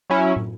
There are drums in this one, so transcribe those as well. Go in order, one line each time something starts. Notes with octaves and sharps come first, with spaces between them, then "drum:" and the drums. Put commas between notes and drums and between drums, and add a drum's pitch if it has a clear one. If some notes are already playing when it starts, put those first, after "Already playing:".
F#3 C#4 E4
drum: tom